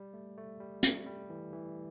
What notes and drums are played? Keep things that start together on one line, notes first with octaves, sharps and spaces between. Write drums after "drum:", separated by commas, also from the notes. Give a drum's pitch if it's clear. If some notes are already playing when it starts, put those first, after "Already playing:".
Already playing: G3
A3
A3
G3
A3, drum: hi-hat
G3
E3
E3